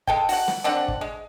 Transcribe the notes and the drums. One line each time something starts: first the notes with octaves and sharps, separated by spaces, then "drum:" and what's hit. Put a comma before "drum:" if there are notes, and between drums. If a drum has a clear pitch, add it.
G#3 A4 G5, drum: kick
F#4 F#5, drum: open hi-hat
drum: snare
D3 C4 D4 F#5
drum: kick
G#3